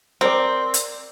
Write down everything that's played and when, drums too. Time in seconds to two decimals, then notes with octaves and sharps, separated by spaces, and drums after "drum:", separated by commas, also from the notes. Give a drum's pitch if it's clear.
0.21 C4 A#4 D5
0.74 drum: hi-hat